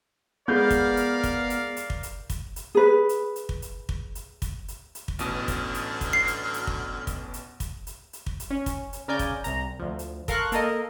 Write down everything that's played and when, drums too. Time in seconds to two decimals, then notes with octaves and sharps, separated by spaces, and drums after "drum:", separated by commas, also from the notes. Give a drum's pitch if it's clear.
0.48 G#3 B3 A#4 D5 F5 G6
0.70 drum: kick, hi-hat
0.97 drum: hi-hat
1.23 drum: kick, hi-hat
1.50 drum: hi-hat
1.77 drum: hi-hat
1.90 drum: kick
2.03 drum: hi-hat
2.30 drum: kick, hi-hat
2.56 drum: hi-hat
2.75 G#4 B4
3.09 drum: hi-hat
3.36 drum: hi-hat
3.49 drum: kick
3.62 drum: hi-hat
3.89 drum: kick
4.15 drum: hi-hat
4.42 drum: kick, hi-hat
4.68 drum: hi-hat
4.95 drum: hi-hat
5.08 drum: kick
5.19 A1 B2 D3 F#3 D#6 F6, drum: hi-hat
5.48 drum: kick, hi-hat
5.74 drum: hi-hat
6.01 drum: kick, hi-hat
6.13 C7
6.27 drum: hi-hat
6.54 drum: hi-hat
6.67 drum: kick
7.07 drum: kick, hi-hat
7.34 drum: hi-hat
7.60 drum: kick, hi-hat
7.87 drum: hi-hat
8.13 drum: hi-hat
8.26 drum: kick
8.40 drum: hi-hat
8.50 C#4
8.66 drum: kick, hi-hat
8.93 drum: hi-hat
9.08 C#3 A#4 D5 G#5 G6
9.19 drum: kick, hi-hat
9.44 C2 A#5, drum: hi-hat
9.80 D2 F3
9.99 drum: hi-hat
10.28 A4 A#4 F5 C6 C#6 F#6, drum: kick, hi-hat
10.52 A#3 A4 A#4 D#5, drum: hi-hat